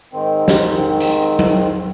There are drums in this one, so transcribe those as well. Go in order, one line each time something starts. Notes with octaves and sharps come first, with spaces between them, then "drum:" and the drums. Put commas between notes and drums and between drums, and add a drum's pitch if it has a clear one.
G#2 D#3 C4
drum: snare
drum: hi-hat
drum: tom F#3